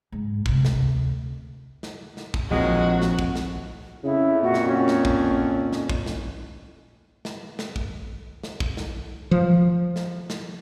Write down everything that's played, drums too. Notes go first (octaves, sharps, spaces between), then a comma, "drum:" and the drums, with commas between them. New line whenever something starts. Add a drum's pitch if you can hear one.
G#2
D2 C3, drum: kick
drum: snare
drum: snare
drum: snare
drum: kick
A#1 F2 D#3 F#3 G#3 F#4
drum: snare
drum: kick
drum: snare
F2 C#3 E4
A#2 F#4
drum: snare
C#4
drum: snare
drum: kick
drum: snare
drum: kick
drum: snare
drum: snare
drum: snare
drum: kick
drum: snare
drum: kick
drum: snare
F3
drum: snare
drum: snare